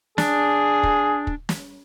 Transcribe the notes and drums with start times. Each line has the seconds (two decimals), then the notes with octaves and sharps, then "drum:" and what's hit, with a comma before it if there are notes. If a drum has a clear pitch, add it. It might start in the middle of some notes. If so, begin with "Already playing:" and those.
0.18 D4 G#4, drum: snare
0.83 drum: kick
1.27 drum: kick
1.49 drum: snare